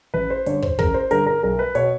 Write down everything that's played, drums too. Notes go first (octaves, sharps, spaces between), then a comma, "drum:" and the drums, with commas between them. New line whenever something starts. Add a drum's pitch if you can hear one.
A1 B4
C5
G2 D3 C#5, drum: hi-hat
C5, drum: kick
A1 A#4, drum: kick
C5
G2 D3 A#4, drum: hi-hat
A#4
B1 A#4
B4
B2 C#5, drum: hi-hat